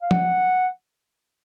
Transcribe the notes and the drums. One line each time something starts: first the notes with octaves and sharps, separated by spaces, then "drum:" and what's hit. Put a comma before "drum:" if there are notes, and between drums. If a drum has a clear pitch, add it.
F5
F#5, drum: tom F3